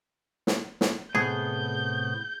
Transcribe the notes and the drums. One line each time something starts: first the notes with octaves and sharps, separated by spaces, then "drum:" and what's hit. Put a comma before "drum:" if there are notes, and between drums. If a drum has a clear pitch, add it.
drum: snare
drum: snare
A2 C3 B3 G#4 G6